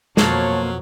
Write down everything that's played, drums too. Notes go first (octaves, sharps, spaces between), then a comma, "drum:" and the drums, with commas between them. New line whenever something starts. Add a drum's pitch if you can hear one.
F2 B2 F#3 A#3 C5 C#5 F5 A5, drum: snare